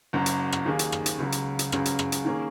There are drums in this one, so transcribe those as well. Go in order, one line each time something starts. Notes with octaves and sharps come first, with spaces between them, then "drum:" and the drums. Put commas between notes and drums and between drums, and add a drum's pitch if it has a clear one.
F#1 F#2 F#3
drum: hi-hat
drum: rim click
D#2 D#3 A#3 D#4 G#4
drum: hi-hat
drum: rim click
drum: hi-hat
C#2 C#3 F#3
drum: hi-hat
drum: hi-hat
C#2 C#3 F#3 C#4 G#4, drum: rim click
drum: hi-hat
drum: rim click
drum: hi-hat
D#3 A#3 C#4 G#4